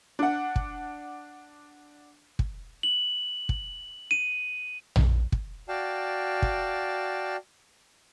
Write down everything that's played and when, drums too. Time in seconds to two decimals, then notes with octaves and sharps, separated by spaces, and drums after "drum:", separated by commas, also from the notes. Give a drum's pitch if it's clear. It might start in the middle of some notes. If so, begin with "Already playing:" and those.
0.19 D4 F#5
0.56 drum: kick
2.39 drum: kick
2.83 F#7
3.49 drum: kick
4.11 D#7
4.96 drum: tom A#1
5.32 drum: kick
5.68 F#4 D5 F5 G5 A5
6.42 drum: kick